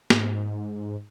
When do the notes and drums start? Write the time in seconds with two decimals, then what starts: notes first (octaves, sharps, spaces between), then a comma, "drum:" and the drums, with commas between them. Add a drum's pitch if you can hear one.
0.10 G#2, drum: snare